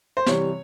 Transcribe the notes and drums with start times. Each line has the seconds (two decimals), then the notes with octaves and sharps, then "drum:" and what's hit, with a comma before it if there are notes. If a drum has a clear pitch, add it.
0.17 C5
0.26 C3 E3 G3 C#5, drum: snare